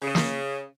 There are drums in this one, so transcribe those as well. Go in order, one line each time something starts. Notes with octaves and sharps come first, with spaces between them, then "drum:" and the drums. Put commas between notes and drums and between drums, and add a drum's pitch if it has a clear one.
C#3
drum: snare